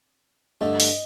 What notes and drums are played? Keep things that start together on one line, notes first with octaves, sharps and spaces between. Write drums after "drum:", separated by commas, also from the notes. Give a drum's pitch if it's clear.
G2 D3 A3 D#5
drum: open hi-hat